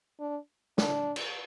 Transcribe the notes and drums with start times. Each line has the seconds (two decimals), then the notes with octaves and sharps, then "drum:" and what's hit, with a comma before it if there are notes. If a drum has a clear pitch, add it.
0.20 D4
0.78 D4, drum: snare
1.16 drum: cymbal